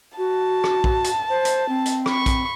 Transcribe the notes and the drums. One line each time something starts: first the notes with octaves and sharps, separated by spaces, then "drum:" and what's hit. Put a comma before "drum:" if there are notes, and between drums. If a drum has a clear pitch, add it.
F#4 A5
drum: rim click
drum: kick A#1
drum: hi-hat
C5
drum: hi-hat
C4
drum: hi-hat
B5 C#6, drum: rim click
drum: kick A#1, hi-hat